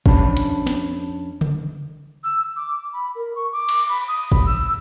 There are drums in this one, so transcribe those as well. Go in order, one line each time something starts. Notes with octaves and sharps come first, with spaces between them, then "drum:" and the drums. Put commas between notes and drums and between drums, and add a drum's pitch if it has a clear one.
F2 C#4 D4 A5 B5, drum: kick G1
drum: hi-hat
drum: snare
drum: tom C#3
E6
D6
B5
A#4
C#6
D6
drum: cymbal
B5
D#6
B5, drum: kick G1
E6